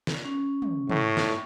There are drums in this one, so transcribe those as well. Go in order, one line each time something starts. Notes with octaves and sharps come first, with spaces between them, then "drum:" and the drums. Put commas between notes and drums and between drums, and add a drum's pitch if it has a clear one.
drum: snare
C#4
drum: tom
A2 C#6, drum: tom
drum: snare